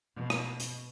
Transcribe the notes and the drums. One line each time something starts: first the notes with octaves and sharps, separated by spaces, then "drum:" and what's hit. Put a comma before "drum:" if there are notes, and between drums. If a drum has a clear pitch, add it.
B2
drum: rim click
drum: hi-hat